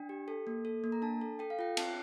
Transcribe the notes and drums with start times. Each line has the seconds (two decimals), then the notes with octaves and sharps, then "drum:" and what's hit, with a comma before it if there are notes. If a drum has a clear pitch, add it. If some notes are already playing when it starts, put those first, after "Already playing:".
Already playing: D4 G5
0.09 G4
0.28 A4
0.47 A#3
0.65 A4
0.84 A#3
0.92 A#5
1.02 D4 A5
1.21 A4
1.39 A4 G5
1.50 F5
1.59 F4 G5
1.77 C4 A5, drum: cymbal